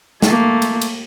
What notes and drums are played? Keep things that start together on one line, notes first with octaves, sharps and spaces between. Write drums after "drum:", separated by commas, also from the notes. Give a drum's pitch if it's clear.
A3 A#3, drum: snare
drum: cymbal
drum: cymbal